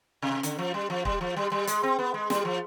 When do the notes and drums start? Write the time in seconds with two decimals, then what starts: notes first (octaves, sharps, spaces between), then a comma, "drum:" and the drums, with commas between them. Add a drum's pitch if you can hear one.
0.22 C3
0.43 D3, drum: hi-hat
0.59 F3
0.74 G3
0.90 F3
1.05 G3, drum: kick
1.21 F3
1.36 G3
1.52 G3
1.67 G#3, drum: hi-hat
1.83 C4
1.99 B3
2.14 G#3
2.30 G3, drum: snare
2.45 F3